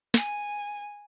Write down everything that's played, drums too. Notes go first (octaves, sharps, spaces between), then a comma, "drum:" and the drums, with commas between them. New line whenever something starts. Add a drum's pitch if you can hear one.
G#5, drum: snare